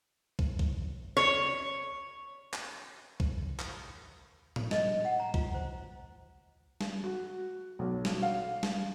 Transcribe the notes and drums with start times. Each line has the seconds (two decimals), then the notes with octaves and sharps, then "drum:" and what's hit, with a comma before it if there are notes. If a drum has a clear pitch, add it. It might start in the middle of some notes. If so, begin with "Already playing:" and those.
0.39 drum: kick
0.59 drum: kick
1.17 C#5
2.53 drum: clap
3.20 drum: kick
3.59 drum: clap
4.56 drum: tom A2
4.71 D#5, drum: snare
5.05 F#5
5.20 A#5
5.34 F4, drum: kick
5.54 C5
6.81 drum: snare
7.04 F#4
7.79 B1
8.05 drum: snare
8.22 F5
8.63 drum: snare